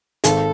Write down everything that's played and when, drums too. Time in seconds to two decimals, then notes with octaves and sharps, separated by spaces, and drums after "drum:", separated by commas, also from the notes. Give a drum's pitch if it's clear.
0.24 G#1 A4, drum: hi-hat